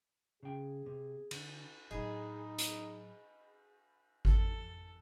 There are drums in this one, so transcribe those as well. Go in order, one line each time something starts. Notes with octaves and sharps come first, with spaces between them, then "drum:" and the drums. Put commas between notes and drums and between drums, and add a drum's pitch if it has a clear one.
C#3 G#4 G5
C3
D3, drum: cymbal
A2 F#3 D#4 G#4 D#5 B5
drum: hi-hat
A4, drum: kick G#1